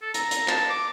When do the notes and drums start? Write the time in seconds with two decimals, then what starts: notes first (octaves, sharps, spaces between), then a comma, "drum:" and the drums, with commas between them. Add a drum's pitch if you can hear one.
0.02 A4
0.14 A#5, drum: hi-hat
0.31 drum: hi-hat
0.48 A5, drum: clap
0.70 D6